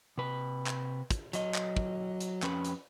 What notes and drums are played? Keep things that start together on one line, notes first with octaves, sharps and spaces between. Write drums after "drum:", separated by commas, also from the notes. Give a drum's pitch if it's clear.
C3 B4
drum: clap
drum: kick, hi-hat
F#3 D#5, drum: hi-hat
drum: clap
drum: kick
drum: hi-hat
F2 C#4 G4 B4, drum: clap
drum: hi-hat